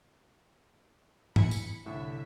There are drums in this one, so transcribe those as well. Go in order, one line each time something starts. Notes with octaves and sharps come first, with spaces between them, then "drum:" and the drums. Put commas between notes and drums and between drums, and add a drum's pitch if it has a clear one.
E4 G#5 B5 C#7, drum: tom
drum: tambourine
C2 A2 D3 E5